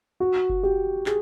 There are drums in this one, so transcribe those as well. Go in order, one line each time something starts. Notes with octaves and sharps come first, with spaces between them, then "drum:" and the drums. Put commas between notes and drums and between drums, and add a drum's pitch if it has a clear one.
F#4
drum: kick F#1
G4
G#4, drum: clap